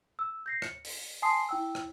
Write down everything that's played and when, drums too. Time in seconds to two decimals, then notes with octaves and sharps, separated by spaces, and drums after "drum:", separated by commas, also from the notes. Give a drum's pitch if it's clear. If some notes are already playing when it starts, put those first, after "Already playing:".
0.19 E6
0.46 G6 A#6 C7
0.62 C#7, drum: rim click
0.85 drum: open hi-hat
1.22 G#5 A5 C6 D#6 C7
1.49 E4 G5 E6
1.75 drum: rim click